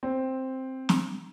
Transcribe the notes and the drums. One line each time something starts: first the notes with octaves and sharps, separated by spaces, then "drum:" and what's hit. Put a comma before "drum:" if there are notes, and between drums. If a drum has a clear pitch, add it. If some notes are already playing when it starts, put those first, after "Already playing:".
C4
drum: snare